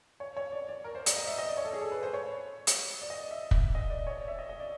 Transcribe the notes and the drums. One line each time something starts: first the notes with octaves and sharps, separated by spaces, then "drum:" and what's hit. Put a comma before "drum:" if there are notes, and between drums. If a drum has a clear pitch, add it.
C#5
C#5
D5
D5
A#4
C5
D5, drum: hi-hat
D#5
E5
D#5
D5
C#5
A4
G#4
A4
B4
C5
C#5
drum: hi-hat
D5
D#5
E5
drum: kick
D#5
D5
C#5
D5
E5
D#5
D#5
D5